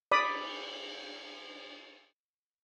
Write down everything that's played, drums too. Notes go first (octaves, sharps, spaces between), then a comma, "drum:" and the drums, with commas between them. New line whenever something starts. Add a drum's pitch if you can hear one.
D5 B5 D#6, drum: cymbal